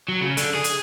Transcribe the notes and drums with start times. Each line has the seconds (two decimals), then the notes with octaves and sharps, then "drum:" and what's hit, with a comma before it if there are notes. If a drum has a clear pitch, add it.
0.08 F#3
0.21 C#3
0.37 D3, drum: hi-hat
0.55 G#4
0.64 drum: hi-hat